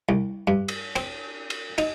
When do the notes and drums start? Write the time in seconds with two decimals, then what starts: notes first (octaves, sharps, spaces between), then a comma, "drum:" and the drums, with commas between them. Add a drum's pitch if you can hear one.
0.09 C2
0.47 G2
0.68 drum: cymbal
0.96 C4, drum: cymbal
1.50 drum: cymbal
1.78 D#4, drum: cymbal